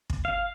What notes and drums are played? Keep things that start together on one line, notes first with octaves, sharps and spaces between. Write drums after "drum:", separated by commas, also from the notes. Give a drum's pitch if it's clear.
drum: kick
F5